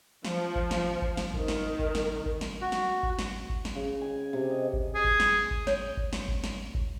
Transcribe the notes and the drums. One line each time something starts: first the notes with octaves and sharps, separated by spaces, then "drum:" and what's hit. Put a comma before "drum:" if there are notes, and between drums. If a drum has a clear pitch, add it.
F3, drum: snare
drum: kick G#1
drum: snare
drum: kick G#1
drum: snare
D#3, drum: kick G#1
drum: snare
drum: kick G#1
drum: snare
drum: kick G#1
drum: snare
F#4
drum: snare
drum: kick G#1
drum: snare
drum: kick G#1
drum: snare
C#3
G#5
C3
D#5
drum: kick G#1
G#4
drum: kick G#1
drum: snare
drum: kick G#1
C#5, drum: snare
drum: kick G#1
drum: snare
drum: kick G#1
drum: snare
drum: kick G#1